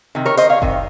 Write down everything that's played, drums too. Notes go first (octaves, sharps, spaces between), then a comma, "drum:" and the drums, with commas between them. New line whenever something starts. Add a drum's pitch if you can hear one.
C3 D#3
A#4 C#5
C5 D#5, drum: hi-hat
C#5 F5
C3 D#3, drum: kick F#1